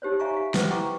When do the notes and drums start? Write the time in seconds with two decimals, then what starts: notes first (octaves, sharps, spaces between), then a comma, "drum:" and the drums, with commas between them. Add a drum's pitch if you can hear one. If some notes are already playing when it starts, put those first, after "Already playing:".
0.02 D#4 G4 C5 C#5
0.20 E5 F5 G#5 A#5 C#6
0.34 F5 G#5
0.54 B4 C5 F#5 G5, drum: snare
0.70 E4 F#5 G5 A#5 C#6 D6